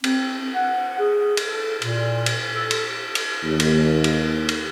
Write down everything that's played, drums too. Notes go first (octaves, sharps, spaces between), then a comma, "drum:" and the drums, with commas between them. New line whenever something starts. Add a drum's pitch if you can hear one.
C4, drum: cymbal
F#5
G#4
drum: cymbal
A4
A#2, drum: cymbal
drum: cymbal
A4
drum: cymbal
drum: cymbal
D#2
drum: cymbal
drum: cymbal
drum: cymbal